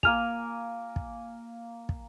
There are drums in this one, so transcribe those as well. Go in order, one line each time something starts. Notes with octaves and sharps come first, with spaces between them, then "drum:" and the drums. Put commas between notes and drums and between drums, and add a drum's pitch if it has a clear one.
A#3 A#4 G#5 F6 F7, drum: kick
drum: kick
drum: kick